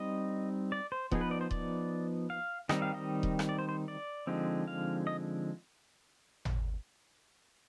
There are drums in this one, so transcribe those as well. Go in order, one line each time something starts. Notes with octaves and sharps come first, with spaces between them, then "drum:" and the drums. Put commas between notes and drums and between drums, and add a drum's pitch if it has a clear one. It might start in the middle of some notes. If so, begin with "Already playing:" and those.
Already playing: G3 C4 D#4 D#5
D5
C5
F3 B3 D#4 G#4, drum: kick D#1
B4
D5
C5
D5, drum: kick D#1
F5
D#3 G3 C4 D#4 D#5, drum: rim click
F5
D#5
drum: kick D#1
drum: rim click
D5
C5
C5
D5
D3 F3 G#3 C4 D#4
F5
D#5
drum: tom G#1